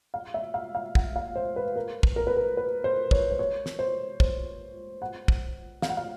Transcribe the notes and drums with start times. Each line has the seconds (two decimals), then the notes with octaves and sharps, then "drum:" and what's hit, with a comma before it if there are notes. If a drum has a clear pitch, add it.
0.14 F5
0.34 E5
0.54 F5
0.75 F5
0.95 F#5, drum: kick
1.16 F5
1.36 C5
1.56 B4
1.76 A#4
2.03 drum: kick
2.16 A#4
2.27 B4
2.36 A#4
2.57 B4
2.84 C5
3.11 C#5, drum: kick
3.31 C5
3.39 C#5
3.66 drum: snare
3.79 C5
4.20 C5, drum: kick
5.02 F#5
5.28 drum: kick
5.82 F5, drum: snare
5.89 F#5
5.97 F5